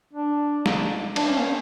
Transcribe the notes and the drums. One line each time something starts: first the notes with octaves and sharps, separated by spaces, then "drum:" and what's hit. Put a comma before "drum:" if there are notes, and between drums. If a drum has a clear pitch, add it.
D4
drum: snare
D4, drum: cymbal
C#4
A#3